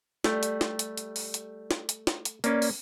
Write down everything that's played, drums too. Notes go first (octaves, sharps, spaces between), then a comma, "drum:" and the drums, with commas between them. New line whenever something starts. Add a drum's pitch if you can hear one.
G3 A3, drum: snare
drum: hi-hat
drum: snare
drum: hi-hat
drum: hi-hat
drum: open hi-hat
drum: hi-hat
drum: snare
drum: hi-hat
drum: snare
drum: hi-hat
A#3 C#4 B4 D5, drum: hi-hat
drum: open hi-hat